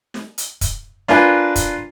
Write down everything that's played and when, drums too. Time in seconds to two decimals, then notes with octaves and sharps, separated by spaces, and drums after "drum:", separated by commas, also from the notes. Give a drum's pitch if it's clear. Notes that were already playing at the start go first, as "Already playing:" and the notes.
0.14 drum: snare
0.38 drum: hi-hat
0.61 drum: kick, hi-hat
1.08 D4 F4 A#4 B4 G#5, drum: snare
1.56 drum: kick, hi-hat